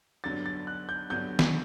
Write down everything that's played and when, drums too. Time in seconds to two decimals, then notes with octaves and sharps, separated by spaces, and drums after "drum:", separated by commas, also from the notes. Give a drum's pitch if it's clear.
0.24 G2 D3 F#3 B3 A6
0.46 A6
0.67 F#6
0.89 G6
1.10 G2 D3 F#3 B3 G6
1.39 drum: snare